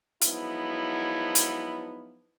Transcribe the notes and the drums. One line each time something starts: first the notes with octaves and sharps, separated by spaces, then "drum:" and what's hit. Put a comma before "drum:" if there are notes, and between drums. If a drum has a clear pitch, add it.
F3 F#3 G#3 B3 D#4 E4, drum: hi-hat
drum: hi-hat